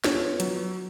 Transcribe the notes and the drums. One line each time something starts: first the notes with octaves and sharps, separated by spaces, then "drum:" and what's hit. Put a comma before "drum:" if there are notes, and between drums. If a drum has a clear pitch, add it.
B3 F4 C#5, drum: snare
F#3, drum: hi-hat